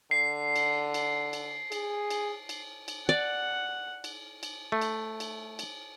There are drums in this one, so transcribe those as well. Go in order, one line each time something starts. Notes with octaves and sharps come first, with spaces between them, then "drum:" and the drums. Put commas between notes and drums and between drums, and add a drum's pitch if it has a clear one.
D3 C7
drum: cymbal
drum: cymbal
drum: cymbal
G#4, drum: cymbal
drum: cymbal
drum: cymbal
drum: cymbal
D5 F#5
drum: cymbal
drum: cymbal
A3
drum: cymbal
drum: cymbal
drum: cymbal